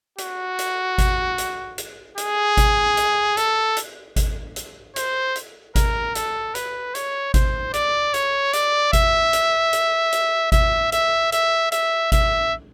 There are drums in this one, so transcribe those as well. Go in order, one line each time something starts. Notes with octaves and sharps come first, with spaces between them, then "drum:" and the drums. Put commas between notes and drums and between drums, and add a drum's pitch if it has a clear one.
F#4, drum: hi-hat
drum: hi-hat
drum: kick G#1, hi-hat
drum: hi-hat
drum: hi-hat
G#4, drum: hi-hat
drum: kick G#1, hi-hat
drum: hi-hat
A4, drum: hi-hat
drum: hi-hat
drum: kick G#1, hi-hat
drum: hi-hat
C5, drum: hi-hat
drum: hi-hat
A#4, drum: kick G#1, hi-hat
A4, drum: hi-hat
B4, drum: hi-hat
C#5, drum: hi-hat
C5, drum: kick G#1, hi-hat
D5, drum: hi-hat
C#5, drum: hi-hat
D5, drum: hi-hat
E5, drum: kick G#1, hi-hat
drum: hi-hat
drum: hi-hat
drum: hi-hat
E5, drum: kick G#1, hi-hat
E5, drum: hi-hat
E5, drum: hi-hat
E5, drum: hi-hat
E5, drum: kick G#1, hi-hat